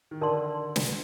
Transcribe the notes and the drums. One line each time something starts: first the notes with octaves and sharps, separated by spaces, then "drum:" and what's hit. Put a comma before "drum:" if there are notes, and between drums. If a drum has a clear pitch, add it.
D#3
D3 A#4 D5 A5 C6
drum: snare